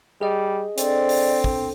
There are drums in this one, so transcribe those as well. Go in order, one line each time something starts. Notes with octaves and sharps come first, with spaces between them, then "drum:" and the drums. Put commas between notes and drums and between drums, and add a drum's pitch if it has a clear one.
G3 G#4 D#5
C4 D4 A4 C5 D5, drum: hi-hat
drum: open hi-hat
drum: kick